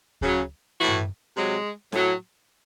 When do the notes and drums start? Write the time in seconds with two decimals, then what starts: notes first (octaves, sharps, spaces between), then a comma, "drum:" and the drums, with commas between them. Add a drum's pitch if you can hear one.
0.21 C#3 F#3, drum: kick D2
0.78 A2 E3 F#4
0.88 drum: tom G2
1.36 C3 F#3 G#3
1.92 A2 F#3, drum: snare